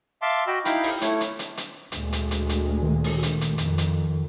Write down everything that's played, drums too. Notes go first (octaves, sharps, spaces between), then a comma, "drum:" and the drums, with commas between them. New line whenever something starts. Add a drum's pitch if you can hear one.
E5 F5 A5 C6 D6
F#4 D#5 G5 B5 E6
D#4 E4 F5 G5 B5, drum: hi-hat
drum: open hi-hat
A3 E4 C#5, drum: hi-hat
drum: hi-hat
drum: hi-hat
drum: hi-hat
D2 A#2 G#3, drum: hi-hat
drum: hi-hat
drum: hi-hat
drum: hi-hat
D#3
drum: open hi-hat
drum: hi-hat
drum: hi-hat
F2, drum: hi-hat
drum: hi-hat